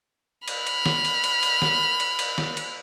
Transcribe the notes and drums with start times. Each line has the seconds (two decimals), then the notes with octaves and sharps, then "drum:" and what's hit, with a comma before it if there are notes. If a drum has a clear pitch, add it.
0.48 B5 F6, drum: cymbal
0.67 drum: cymbal
0.86 drum: snare
1.05 drum: cymbal
1.24 drum: cymbal
1.43 drum: cymbal
1.62 drum: snare
2.00 drum: cymbal
2.19 drum: cymbal
2.38 drum: snare
2.57 drum: cymbal